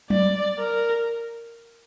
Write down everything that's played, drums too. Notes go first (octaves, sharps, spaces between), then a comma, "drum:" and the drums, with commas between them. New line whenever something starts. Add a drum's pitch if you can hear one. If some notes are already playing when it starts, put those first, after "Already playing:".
D5, drum: tom F#3
A#4